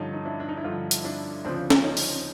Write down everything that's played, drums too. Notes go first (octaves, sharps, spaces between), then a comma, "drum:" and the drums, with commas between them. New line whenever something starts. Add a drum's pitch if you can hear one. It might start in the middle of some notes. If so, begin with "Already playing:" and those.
Already playing: G2 D3 F3 C#4 D#4
D#4
D4 E4
D4
D#4
E4
G2 D3 F3 D#4 F4
drum: hi-hat
D4 E4
D2 C#3 F3 C4 D4
drum: snare
C#4 D#4
drum: open hi-hat